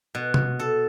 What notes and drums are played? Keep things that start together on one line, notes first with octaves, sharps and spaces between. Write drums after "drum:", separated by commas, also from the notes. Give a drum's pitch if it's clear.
B2
drum: tom C3
A4